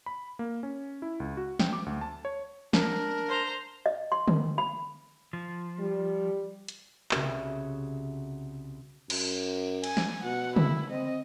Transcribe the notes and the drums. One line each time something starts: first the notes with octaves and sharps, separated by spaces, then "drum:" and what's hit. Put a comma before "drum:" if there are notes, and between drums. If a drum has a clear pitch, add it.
B5
A#3
C#4
E4
C#2
F#4
G5, drum: snare
D6
D2
A5
C#5
D4 A#4, drum: snare
C5 A#5
D#5
C6
drum: tom D3
B5
F3
G3
drum: hi-hat
C2 C#3 C#4 F#4 A4 E5, drum: clap
F#2, drum: cymbal
G#5, drum: cymbal
drum: snare
B2 F#5
E4, drum: tom C#3
C4 D#5